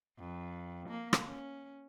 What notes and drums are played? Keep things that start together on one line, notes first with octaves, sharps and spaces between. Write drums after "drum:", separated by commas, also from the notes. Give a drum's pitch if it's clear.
F2
A#3
drum: rim click
C#4